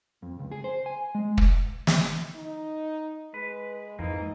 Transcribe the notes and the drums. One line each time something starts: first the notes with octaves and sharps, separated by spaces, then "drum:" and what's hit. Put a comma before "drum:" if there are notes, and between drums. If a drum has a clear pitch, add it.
F2
C#2
G#4
C5
G#5
G#3
drum: kick
drum: snare
D#4
G#3 B4
F2 G#2 E3 A#3 D#4